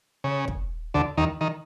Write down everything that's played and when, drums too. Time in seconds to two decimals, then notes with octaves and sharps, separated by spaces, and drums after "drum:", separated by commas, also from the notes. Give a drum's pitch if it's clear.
0.24 C#3
0.48 drum: kick
0.94 D2 D3
1.17 D#2 D#3
1.41 D#3